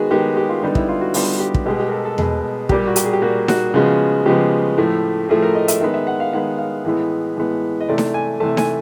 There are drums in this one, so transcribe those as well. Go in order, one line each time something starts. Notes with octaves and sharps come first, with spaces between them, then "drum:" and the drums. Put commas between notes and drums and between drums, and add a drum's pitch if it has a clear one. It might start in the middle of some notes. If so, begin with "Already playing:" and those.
Already playing: D#3 G#3 B3 F#4 G#4
D#3 G#3 B3 G4
G4
F4
D3 G3 B3 D#4
E4, drum: kick
F4
F#4
D3 G3 B3 F4, drum: open hi-hat
G4
drum: kick
B2 G#3 B3 G4
G4
A#4
A4
A4
B2 G#3 B3 G#4, drum: tom E2
A#2 G3 A#3 G4, drum: kick
F#4
G4, drum: hi-hat
G#4
G4
A#2 G3 A#3 F#4
F#4, drum: snare D#4
C#3 F3 G#3 B3
C#3 F3 G#3 B3 G4
A2 F3 A3
A2 F3 A3 G#4
A#4
D#5
E5, drum: hi-hat
D#3 G#3 B3 E5
E5
F#5
F5
D#3 G#3 B3 F#5
F5
A2 E3 G#3 B3
A2 E3 G#3 B3
D#5
C3 E3 A3 D5
drum: snare D#4
G#5
C3 E3 A3 A5
G#5, drum: snare D#4